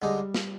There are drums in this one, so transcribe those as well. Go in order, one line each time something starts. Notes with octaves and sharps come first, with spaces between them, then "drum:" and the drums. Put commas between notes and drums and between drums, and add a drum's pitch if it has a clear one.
D3 G3 G#3 D#4
drum: snare